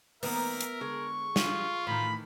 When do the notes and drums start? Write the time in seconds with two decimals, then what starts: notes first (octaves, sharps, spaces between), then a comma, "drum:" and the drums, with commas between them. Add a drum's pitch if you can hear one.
0.23 D#3 G3 A#3 B3 A#4 E5, drum: open hi-hat
0.61 drum: hi-hat
0.81 D3 G#3 G#4 C#6
1.36 F4, drum: snare
1.87 A2 D#3 E3 B5